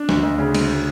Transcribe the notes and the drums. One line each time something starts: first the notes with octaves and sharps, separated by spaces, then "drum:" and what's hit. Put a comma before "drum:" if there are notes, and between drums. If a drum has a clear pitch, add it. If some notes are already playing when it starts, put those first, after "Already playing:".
Already playing: D4
D2, drum: snare
D2
C#3
D2, drum: cymbal